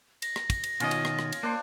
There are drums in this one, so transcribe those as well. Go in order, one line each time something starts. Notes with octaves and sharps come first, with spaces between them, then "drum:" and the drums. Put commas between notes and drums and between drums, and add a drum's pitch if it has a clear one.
A#6, drum: cymbal
drum: rim click
drum: kick, cymbal
drum: cymbal
B2 D#3 C#4 F4 D#5, drum: cymbal
drum: cymbal
drum: rim click
drum: rim click
drum: cymbal
A#3 D4 C5